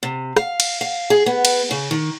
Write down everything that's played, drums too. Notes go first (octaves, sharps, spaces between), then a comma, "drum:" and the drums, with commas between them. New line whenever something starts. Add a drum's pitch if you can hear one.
C3
F5, drum: rim click
drum: cymbal
F5
G#4
B3
drum: cymbal
C#3
D#3